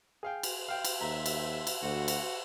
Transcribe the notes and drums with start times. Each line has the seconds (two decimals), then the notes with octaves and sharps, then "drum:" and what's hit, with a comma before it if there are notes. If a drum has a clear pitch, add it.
0.23 G#4 F5 G5
0.43 drum: cymbal
0.68 F5 G5
0.85 drum: cymbal
1.01 D#2 E5 A#5
1.26 drum: cymbal
1.67 drum: cymbal
1.82 D2 F#4
2.08 drum: cymbal